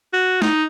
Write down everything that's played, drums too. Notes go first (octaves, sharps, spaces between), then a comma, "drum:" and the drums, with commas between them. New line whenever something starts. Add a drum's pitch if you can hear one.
F#4
D#4, drum: snare